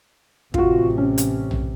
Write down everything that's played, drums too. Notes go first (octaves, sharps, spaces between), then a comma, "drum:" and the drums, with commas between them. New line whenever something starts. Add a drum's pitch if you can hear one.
A1 C3 F4 F#4, drum: kick
C#4
drum: hi-hat
drum: tom A#1